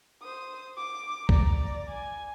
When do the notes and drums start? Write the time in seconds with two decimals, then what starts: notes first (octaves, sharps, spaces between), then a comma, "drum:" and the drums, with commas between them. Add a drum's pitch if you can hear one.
0.22 C5 D#6
0.77 D6
1.29 D5 A#5, drum: kick C#2
1.89 G#5